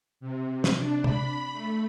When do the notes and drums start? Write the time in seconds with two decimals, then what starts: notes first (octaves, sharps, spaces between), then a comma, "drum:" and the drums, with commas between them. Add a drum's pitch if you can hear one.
0.20 C3
0.64 drum: snare
0.74 D4
1.04 B5, drum: tom C3
1.52 A3